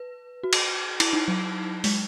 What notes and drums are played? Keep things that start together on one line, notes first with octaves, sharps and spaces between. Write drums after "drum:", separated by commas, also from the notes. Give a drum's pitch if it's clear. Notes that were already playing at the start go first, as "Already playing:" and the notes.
Already playing: B4
F#4
drum: cymbal
E4, drum: cymbal
D#4
F#3
G#3, drum: open hi-hat